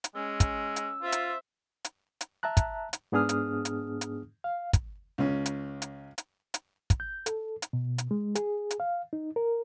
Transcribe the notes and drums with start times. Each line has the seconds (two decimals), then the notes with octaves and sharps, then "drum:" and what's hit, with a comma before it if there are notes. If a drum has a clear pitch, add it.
0.04 drum: hi-hat
0.15 G#3 C#4 E6
0.40 drum: kick, hi-hat
0.76 drum: hi-hat
1.02 F4 C5 E5
1.12 drum: hi-hat
1.85 drum: hi-hat
2.21 drum: hi-hat
2.43 E5 A5 A#5 F#6
2.57 drum: kick, hi-hat
2.93 drum: hi-hat
3.12 G#2 B3 D4 G#4 D#6 F6
3.29 drum: hi-hat
3.65 drum: hi-hat
4.01 drum: hi-hat
4.44 F5
4.73 drum: kick, hi-hat
5.18 C#2 C#4
5.46 drum: hi-hat
5.82 drum: hi-hat
6.18 drum: hi-hat
6.54 drum: hi-hat
6.90 drum: kick, hi-hat
7.00 G6
7.26 A4, drum: hi-hat
7.62 drum: hi-hat
7.73 B2
7.98 drum: hi-hat
8.11 G#3
8.35 G#4, drum: hi-hat
8.71 drum: hi-hat
8.80 F5
9.13 D#4
9.36 A#4